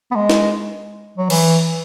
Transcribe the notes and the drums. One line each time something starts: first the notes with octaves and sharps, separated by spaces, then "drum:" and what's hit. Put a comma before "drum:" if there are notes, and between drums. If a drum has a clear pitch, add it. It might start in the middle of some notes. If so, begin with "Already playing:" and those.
B3
G#3
drum: snare
F#3
E3, drum: cymbal